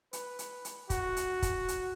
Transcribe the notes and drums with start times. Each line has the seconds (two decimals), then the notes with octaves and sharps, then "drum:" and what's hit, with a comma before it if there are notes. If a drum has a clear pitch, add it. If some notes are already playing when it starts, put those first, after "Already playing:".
0.13 B4, drum: hi-hat
0.39 drum: hi-hat
0.65 drum: hi-hat
0.90 F#4, drum: kick, hi-hat
1.17 drum: hi-hat
1.42 drum: kick, hi-hat
1.68 drum: hi-hat